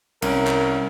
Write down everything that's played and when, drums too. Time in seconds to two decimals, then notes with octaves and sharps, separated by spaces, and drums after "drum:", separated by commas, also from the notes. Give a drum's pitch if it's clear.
0.22 C2 C#4 A#4 D7, drum: cymbal
0.47 drum: clap